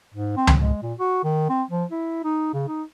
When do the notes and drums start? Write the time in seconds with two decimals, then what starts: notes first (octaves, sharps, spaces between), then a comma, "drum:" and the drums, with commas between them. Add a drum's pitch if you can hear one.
0.14 G#2
0.37 C4
0.47 drum: tom C#2
0.59 G#3
0.83 A#2
0.99 F#4
1.24 D#3
1.50 C4
1.71 F3
1.91 E4
2.24 D#4
2.54 C#3
2.68 D#4